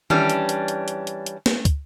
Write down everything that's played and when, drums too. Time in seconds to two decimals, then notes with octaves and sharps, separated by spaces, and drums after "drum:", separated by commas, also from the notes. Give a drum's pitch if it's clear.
0.10 E3 G3 C#4 D4, drum: tom D#3
0.30 drum: hi-hat
0.49 drum: hi-hat
0.68 drum: hi-hat
0.88 drum: hi-hat
1.07 drum: hi-hat
1.26 drum: hi-hat
1.46 drum: snare
1.65 drum: kick, hi-hat